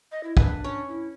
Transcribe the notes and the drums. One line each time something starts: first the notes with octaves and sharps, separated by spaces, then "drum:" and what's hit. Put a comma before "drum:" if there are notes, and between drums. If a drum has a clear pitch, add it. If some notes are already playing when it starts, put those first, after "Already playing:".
D#5
E4
D4 B4, drum: kick
C#4 C#5
E4